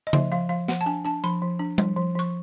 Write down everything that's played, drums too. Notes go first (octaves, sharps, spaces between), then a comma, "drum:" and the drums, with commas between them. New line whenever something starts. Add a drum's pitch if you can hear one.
D#5
F3 E5, drum: tom C#3
F3 F5
F3 F5
F3 F#5, drum: snare
A5
D4 G#5
D4 A5
F3 B5
F3
D4
F3, drum: tom G3
F3
F3 C#6